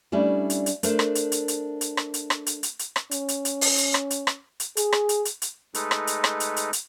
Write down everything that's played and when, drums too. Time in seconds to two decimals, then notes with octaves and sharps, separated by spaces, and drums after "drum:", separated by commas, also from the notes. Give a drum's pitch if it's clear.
0.12 G3 A3 C#4 D4 E4
0.50 drum: hi-hat
0.66 drum: hi-hat
0.83 A3 D4 A#4 C5, drum: hi-hat
0.99 drum: rim click
1.15 drum: hi-hat
1.32 drum: hi-hat
1.48 drum: hi-hat
1.81 drum: hi-hat
1.97 drum: rim click
2.14 drum: hi-hat
2.30 drum: rim click
2.46 drum: hi-hat
2.63 drum: hi-hat
2.79 drum: hi-hat
2.96 drum: rim click
3.11 C#4, drum: hi-hat
3.28 drum: hi-hat
3.45 drum: hi-hat
3.61 drum: open hi-hat
3.78 drum: hi-hat
3.94 drum: rim click
4.10 drum: hi-hat
4.27 drum: rim click
4.60 drum: hi-hat
4.77 G#4, drum: hi-hat
4.92 drum: rim click
5.09 drum: hi-hat
5.25 drum: hi-hat
5.42 drum: hi-hat
5.74 G#3 A3 D#4 A4 B4, drum: hi-hat
5.91 drum: rim click
6.07 drum: hi-hat
6.24 drum: rim click
6.40 drum: hi-hat
6.56 drum: hi-hat
6.73 drum: hi-hat